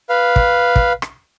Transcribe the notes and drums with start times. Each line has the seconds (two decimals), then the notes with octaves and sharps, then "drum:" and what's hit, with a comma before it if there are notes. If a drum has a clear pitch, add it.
0.09 B4 F5
0.36 drum: kick
0.76 drum: kick
1.02 drum: rim click